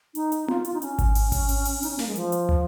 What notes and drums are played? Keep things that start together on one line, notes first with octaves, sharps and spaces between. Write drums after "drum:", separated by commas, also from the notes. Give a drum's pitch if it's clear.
D#4, drum: hi-hat
drum: hi-hat
F4, drum: tom B3
F4, drum: hi-hat
D#4
C#4, drum: hi-hat
drum: kick G#1, hi-hat
drum: open hi-hat
drum: kick G#1, open hi-hat
drum: open hi-hat
drum: open hi-hat
D#4, drum: open hi-hat
C#4
A#3, drum: snare
G#3
F3, drum: hi-hat
drum: hi-hat
drum: tom